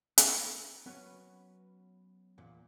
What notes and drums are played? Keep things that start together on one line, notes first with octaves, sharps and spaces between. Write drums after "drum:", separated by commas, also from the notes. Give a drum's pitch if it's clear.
B3 B5, drum: hi-hat
F#3 B3 C#4 F#4 B4 C#5
E2 A#2